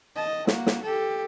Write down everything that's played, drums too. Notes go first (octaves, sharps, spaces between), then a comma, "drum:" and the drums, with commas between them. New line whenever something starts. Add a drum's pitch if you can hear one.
D#5 A5
A#3 F#4, drum: snare
drum: snare
G4 A4